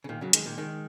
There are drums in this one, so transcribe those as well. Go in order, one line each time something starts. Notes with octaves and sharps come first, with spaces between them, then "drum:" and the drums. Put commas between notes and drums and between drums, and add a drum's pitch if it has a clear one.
C#3
A#2 D#3
C#3 F#3
D#3 G#3, drum: hi-hat
A#2 D#3
D#3 G#3